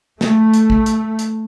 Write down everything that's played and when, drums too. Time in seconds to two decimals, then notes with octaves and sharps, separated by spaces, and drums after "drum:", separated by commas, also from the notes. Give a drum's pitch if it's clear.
0.21 A3, drum: snare
0.54 drum: hi-hat
0.70 drum: kick
0.86 drum: hi-hat
1.19 drum: hi-hat